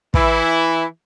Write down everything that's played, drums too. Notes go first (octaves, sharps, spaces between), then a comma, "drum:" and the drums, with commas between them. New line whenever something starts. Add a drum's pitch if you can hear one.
E3 E4, drum: kick